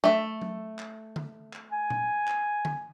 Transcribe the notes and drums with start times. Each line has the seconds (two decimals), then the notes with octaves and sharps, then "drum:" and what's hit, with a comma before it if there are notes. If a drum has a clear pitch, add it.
0.04 A3 E5
0.42 drum: tom
0.79 drum: clap
1.16 drum: tom D3
1.53 drum: clap
1.72 G#5
1.90 drum: tom A#2
2.28 drum: clap
2.65 drum: tom D3